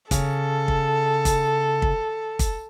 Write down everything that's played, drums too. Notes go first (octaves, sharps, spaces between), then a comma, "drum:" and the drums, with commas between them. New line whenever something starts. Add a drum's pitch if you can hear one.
C#3 A4, drum: kick, hi-hat
drum: kick
drum: kick, hi-hat
drum: kick
drum: kick, hi-hat